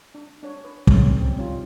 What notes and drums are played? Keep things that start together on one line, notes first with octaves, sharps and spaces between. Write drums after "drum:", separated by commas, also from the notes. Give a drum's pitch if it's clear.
D4
D4 C#5
B4
C#3 G#3 C4 C#4, drum: kick
G3 C4
G3 C4 C#4 D#4 F4